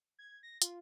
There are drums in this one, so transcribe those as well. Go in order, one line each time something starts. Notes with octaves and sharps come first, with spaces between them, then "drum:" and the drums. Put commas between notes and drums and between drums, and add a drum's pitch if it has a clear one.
G#6
A#6
F4, drum: hi-hat